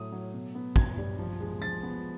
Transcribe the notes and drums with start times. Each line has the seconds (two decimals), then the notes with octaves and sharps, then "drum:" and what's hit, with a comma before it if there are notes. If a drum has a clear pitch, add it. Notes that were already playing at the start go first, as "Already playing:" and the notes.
Already playing: A2 F#3 A3 D#6
0.12 F#3
0.34 B2
0.55 B3
0.76 B2 G#6, drum: kick
0.98 G3
1.19 F3
1.40 G#3
1.61 F3 A6
1.83 B3